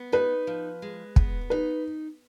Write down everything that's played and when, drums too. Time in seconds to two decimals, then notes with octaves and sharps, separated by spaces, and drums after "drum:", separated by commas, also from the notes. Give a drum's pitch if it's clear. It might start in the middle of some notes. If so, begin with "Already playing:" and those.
Already playing: B3
0.12 D#4 B4
0.47 F3
0.82 G#3
1.16 B3, drum: kick
1.50 D#4 B4